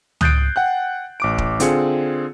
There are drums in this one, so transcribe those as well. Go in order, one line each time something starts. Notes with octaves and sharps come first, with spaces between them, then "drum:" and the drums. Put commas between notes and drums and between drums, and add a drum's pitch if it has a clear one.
D#6 F#6 G6 A6 C7 D7, drum: tom C#2
F#5 G5 F#6
A1 D6 D7
drum: kick
D3 C4 F4 G#4 C#7, drum: hi-hat